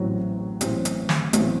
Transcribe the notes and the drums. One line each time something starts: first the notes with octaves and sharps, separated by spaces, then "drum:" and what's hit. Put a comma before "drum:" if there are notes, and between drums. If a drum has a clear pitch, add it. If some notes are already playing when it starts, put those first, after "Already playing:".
Already playing: A1 A2 F#3 C4
A1 A2 F#3 C4, drum: hi-hat
drum: hi-hat
drum: snare
A1 A2 F#3 C4, drum: hi-hat